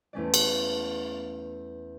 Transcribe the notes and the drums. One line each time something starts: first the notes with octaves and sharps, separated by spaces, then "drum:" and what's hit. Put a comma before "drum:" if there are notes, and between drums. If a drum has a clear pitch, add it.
E2 A3 C#4 D5
drum: cymbal